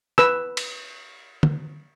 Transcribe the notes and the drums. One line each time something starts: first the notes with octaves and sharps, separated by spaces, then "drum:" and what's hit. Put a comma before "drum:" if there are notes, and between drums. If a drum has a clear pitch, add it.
B4 E6, drum: rim click
drum: cymbal
drum: tom